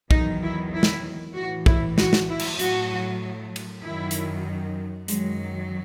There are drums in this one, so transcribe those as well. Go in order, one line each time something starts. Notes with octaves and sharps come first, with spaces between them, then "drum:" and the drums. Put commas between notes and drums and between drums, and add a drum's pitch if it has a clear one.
E2 D#3 F#3 D#4, drum: kick
E4
E4
drum: snare
A2 E3 F#4
E4, drum: kick
F#4, drum: snare
drum: snare
E4
drum: cymbal
A2 F#3 F#4, drum: hi-hat
drum: cymbal
F#2 D#3 F#3 E4
drum: hi-hat
F#2 D#3 F#3 G#3, drum: hi-hat